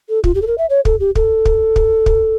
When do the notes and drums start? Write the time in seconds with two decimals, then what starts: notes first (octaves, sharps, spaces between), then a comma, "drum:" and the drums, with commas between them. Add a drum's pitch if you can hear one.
0.09 A4
0.24 F4, drum: kick
0.35 G4
0.42 A4
0.47 A#4
0.58 E5
0.70 C#5
0.85 A4, drum: kick
1.00 G4
1.15 A4, drum: kick
1.45 drum: kick
1.76 drum: kick
2.06 drum: kick